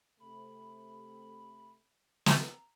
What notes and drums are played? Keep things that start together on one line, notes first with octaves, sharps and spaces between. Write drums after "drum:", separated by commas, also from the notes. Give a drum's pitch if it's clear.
C3 A3 B5
A#5, drum: snare